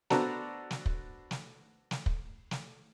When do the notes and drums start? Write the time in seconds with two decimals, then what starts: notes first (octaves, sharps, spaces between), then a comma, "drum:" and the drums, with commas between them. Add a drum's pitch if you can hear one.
0.10 B3 D4 F#4 A4 C5 A#5, drum: snare
0.71 drum: snare
0.86 drum: kick
1.31 drum: snare
1.91 drum: snare
2.06 drum: kick
2.51 drum: snare